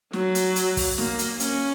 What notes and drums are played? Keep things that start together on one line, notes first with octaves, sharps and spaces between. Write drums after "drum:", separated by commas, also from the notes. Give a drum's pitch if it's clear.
F#3, drum: snare
drum: hi-hat
drum: hi-hat
drum: kick, open hi-hat
A#3, drum: snare
drum: hi-hat
C#4, drum: hi-hat